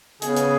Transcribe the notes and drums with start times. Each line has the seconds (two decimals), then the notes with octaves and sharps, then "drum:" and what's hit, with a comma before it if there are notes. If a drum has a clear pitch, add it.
0.22 C#3 B3 G#4, drum: hi-hat
0.36 drum: hi-hat